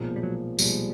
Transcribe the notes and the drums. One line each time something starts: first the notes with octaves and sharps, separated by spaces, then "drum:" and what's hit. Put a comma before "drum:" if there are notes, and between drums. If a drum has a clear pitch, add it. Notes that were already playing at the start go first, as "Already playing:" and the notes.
Already playing: B1 A#2 F3 G#3
G3
F#3
B1 A#2 F3 G3 G#3, drum: tambourine